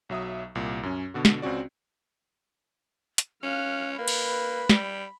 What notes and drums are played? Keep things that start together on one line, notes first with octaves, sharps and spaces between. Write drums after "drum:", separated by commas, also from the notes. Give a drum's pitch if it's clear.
B1 F#3 E5 D#6
C2 A#2
F#2 C#4
B2 D3 F#4
drum: snare
C#2 C4 C#4 F#4 D5
drum: hi-hat
C#4 F5 F6 F#6
A#3 B4 B5
drum: cymbal
G3, drum: snare